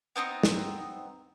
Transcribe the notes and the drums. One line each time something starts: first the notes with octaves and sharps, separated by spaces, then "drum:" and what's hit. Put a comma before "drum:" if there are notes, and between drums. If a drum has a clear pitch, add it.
B3 C4 D4 D#4
drum: snare